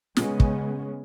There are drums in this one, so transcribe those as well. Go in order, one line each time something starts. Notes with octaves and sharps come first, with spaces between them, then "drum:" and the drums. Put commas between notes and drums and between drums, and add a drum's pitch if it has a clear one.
C#3 G#3 B3 C#4, drum: snare
drum: kick